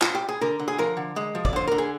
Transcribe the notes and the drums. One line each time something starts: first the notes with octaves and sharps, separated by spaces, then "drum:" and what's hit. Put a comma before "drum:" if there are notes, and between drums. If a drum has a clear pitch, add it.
F4, drum: clap
G4
G#4
D3 A#4
D3
G#4
F3 A#4
D3
G#3
F3
D5, drum: kick
D3 C5
D3 A#4
G#4